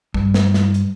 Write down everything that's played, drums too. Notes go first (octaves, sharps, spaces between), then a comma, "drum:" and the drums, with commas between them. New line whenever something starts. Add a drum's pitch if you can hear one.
G2, drum: kick
drum: snare
drum: snare
drum: hi-hat